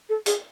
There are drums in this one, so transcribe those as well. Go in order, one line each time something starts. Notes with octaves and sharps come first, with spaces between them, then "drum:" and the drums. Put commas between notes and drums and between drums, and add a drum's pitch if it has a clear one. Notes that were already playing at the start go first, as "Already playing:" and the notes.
A4
G#4, drum: hi-hat